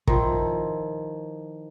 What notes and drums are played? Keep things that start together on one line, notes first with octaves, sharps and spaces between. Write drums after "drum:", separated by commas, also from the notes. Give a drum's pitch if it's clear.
D#3 F3 E4, drum: kick